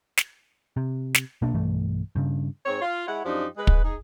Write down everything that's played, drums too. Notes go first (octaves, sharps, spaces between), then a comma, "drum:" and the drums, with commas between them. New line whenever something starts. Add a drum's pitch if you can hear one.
drum: snare
C3
drum: snare
B2 A#3 D4
B1 G2 E3 A3
G2 C#3
G#2 C4 C#5
F4
G#3 E4 C#5 F#5
F#2 F3 D4 D#4 G4
G#3 B4
drum: kick
D#4 G#4